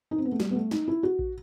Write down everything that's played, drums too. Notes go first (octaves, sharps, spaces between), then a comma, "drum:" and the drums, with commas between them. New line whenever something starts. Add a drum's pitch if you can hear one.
D#4
C4
B3
A3
G3, drum: snare
B3
A3
D#4, drum: snare
E4
F#4
drum: kick A#1